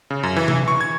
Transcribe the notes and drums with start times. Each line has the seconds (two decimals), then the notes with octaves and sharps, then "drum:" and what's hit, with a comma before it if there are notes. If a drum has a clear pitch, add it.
0.10 C#3
0.23 F#2
0.36 E3
0.48 drum: tom C3
0.68 C#6
0.81 G#6